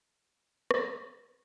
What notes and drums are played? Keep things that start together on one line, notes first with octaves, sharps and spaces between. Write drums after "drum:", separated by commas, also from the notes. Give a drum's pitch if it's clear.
A#2 G#3 D#4 A#4
C#2 C3 D#3 G#3, drum: rim click